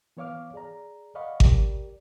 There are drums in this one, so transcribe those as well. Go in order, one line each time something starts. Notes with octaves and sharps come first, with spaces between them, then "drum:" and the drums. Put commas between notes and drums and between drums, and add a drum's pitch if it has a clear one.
E3 B3 C#5 F5 D6 F6
G#4 D5 A#5
D5 D#5 F5 F#5 B5 C#6
G4 A#4 D5, drum: kick G#1